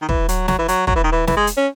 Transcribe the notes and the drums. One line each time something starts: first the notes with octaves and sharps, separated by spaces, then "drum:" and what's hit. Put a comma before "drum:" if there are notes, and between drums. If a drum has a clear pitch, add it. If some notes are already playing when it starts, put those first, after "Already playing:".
D#3
E3, drum: kick
F#3, drum: hi-hat
F#3, drum: snare
E3
F#3, drum: hi-hat
F#3, drum: kick
E3
D#3
E3
E3, drum: snare
G#3
drum: hi-hat
C#4